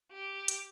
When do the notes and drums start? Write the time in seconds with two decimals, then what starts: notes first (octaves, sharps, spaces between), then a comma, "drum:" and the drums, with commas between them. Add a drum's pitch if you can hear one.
0.14 G4
0.48 drum: hi-hat